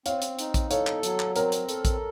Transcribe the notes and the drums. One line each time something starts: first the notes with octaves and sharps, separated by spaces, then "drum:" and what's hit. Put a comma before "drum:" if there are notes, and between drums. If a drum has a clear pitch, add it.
C4 C#5 F5, drum: hi-hat
drum: hi-hat
D#4, drum: hi-hat
drum: kick A#1, hi-hat
A4 C#5 F5, drum: hi-hat
drum: clap
F#3, drum: hi-hat
drum: clap
C4 A#4 C#5, drum: hi-hat
drum: hi-hat
A4, drum: hi-hat
drum: kick A#1, hi-hat